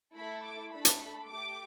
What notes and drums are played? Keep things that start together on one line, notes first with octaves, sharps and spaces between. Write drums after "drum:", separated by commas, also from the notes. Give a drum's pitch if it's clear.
A3 E4 A4 B5
D6
A3 D4 A4 B5
drum: hi-hat
B5
A3 G4 D6